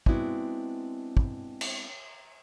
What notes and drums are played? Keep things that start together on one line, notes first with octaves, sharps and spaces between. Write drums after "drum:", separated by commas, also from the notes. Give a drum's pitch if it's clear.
G#3 B3 C4 D4 E4 F#4, drum: kick
drum: kick
drum: cymbal